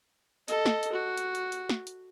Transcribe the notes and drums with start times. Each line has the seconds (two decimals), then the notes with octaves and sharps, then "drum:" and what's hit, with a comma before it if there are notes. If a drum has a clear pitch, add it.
0.48 A4 D#5, drum: hi-hat
0.66 drum: snare
0.83 drum: hi-hat
0.92 F#4
1.17 drum: hi-hat
1.35 drum: hi-hat
1.52 drum: hi-hat
1.69 drum: snare
1.87 drum: hi-hat